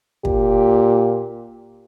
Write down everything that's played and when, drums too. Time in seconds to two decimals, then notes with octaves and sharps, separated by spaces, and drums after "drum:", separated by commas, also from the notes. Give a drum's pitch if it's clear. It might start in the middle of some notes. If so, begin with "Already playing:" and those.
0.25 A#2 G4, drum: kick